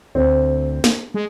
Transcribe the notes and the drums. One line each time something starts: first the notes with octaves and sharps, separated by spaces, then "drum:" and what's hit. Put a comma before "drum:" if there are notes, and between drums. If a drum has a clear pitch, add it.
D2 C4
drum: snare
G#3